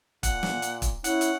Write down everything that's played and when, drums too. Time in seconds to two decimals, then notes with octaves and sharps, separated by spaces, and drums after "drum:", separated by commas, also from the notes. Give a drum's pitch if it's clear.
0.23 A#2 F#5, drum: kick, hi-hat
0.43 drum: snare
0.62 drum: hi-hat
0.82 drum: kick, hi-hat
1.04 C#4 E4 F#5, drum: hi-hat
1.21 drum: hi-hat